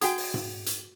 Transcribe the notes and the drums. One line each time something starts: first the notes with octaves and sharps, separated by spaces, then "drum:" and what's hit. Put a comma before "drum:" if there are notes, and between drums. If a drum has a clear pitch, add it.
F#4 G#4 F#5 G5 D#6, drum: hi-hat
drum: open hi-hat
drum: tom G#2
drum: hi-hat